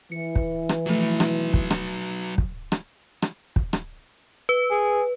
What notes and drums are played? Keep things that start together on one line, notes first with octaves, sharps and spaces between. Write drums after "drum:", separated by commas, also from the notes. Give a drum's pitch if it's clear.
E3 C#7
drum: kick
drum: rim click
F3 F#3 A3 B4
drum: rim click
drum: kick
drum: rim click
drum: kick
drum: rim click
drum: rim click
drum: kick
drum: rim click
B4
G#4